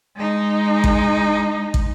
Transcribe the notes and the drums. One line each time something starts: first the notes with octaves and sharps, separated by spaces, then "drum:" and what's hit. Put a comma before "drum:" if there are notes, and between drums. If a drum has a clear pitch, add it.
G#3 D#4
drum: kick
drum: kick